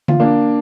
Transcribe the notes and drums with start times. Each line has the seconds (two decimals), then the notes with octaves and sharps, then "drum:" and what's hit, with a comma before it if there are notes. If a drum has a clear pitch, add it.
0.08 F4, drum: tom D3
0.20 A#3 D4